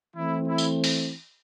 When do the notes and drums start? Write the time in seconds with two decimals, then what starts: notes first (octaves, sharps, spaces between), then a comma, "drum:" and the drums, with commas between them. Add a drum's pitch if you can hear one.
0.16 E3 A3 C4 E4
0.45 E4
0.58 drum: tambourine
0.84 drum: open hi-hat